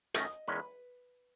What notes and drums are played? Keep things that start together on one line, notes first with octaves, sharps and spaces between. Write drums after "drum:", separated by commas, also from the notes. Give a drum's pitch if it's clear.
F#2 D#3 A3 C#4 D#5, drum: hi-hat
E2 D#3 G#3 C#4 B4